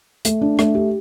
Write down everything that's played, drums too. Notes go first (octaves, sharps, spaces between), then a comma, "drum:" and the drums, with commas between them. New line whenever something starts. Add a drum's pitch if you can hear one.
A3, drum: hi-hat
D4
A3, drum: rim click
G4